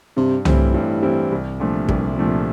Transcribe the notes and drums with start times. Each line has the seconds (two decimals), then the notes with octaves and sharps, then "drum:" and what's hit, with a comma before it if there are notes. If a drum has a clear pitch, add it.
0.16 G2 C3
0.45 A2 E3 G3 C4 E4, drum: tom C2
0.74 G2
1.02 E3 G3 C4 E4
1.32 C2
1.60 A#2 F3 A3 D4
1.89 C2 G2, drum: kick
2.17 F2 A#2 F3 A3 D4